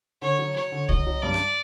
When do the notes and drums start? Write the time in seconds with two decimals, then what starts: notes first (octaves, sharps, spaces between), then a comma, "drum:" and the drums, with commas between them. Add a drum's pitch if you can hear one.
0.22 D3 C#5
0.39 F#3
0.55 F#3 C#5
0.72 D3
0.89 F#3 D#5, drum: kick C2
1.07 F#3
1.22 G2 D5
1.34 drum: rim click